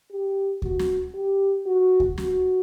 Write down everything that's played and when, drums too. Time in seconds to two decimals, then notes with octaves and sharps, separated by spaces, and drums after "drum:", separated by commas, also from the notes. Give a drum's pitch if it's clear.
0.10 G4
0.62 F#4, drum: kick D2
0.79 drum: snare
1.14 G4
1.66 F#4
2.00 drum: kick D2
2.18 F#4, drum: snare